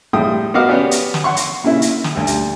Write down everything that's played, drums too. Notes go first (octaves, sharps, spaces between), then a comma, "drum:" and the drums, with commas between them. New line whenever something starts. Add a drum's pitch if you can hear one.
A2 G3 G#3 G5 D#6
B3 F#4 A#4 D#5 F5 D6
B3 C#4 G4 D5
drum: hi-hat
drum: snare
F#5 C6 C#6
drum: hi-hat
A#2 C#3 E4
drum: hi-hat
drum: snare
D2 G3
drum: hi-hat